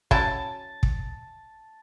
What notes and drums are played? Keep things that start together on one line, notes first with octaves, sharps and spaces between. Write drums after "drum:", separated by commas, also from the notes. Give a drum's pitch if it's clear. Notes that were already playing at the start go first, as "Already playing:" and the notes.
F#3 C#4 E4 A5, drum: kick
drum: kick